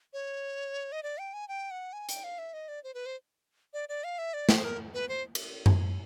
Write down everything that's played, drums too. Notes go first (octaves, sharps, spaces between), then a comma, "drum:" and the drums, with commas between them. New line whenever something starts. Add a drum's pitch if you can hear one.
C#5
D#5
D5
G5
G#5
G5
F#5
G#5
G5, drum: hi-hat
F5
E5
D#5
D5
C5
B4
C5
D5
D5
F5
E5
D5
C5, drum: snare
A#4
B4
C5
drum: cymbal
drum: tom F#2